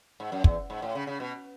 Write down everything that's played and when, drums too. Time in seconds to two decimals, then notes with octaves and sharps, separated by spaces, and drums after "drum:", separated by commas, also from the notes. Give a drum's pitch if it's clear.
0.20 G#2
0.32 F#2
0.44 E2, drum: kick
0.70 G#2
0.82 A2
0.95 C#3
1.07 C#3
1.20 B2